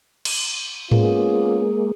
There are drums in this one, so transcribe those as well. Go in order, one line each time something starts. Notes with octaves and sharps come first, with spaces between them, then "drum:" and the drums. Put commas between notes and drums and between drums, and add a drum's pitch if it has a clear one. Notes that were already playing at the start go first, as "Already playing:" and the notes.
drum: cymbal
G#3 A#3 B3 C#4 F4 G#4, drum: tom G#2